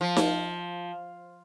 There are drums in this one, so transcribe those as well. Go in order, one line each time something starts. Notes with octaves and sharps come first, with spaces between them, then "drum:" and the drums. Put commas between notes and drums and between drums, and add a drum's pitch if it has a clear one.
F3
drum: snare D#4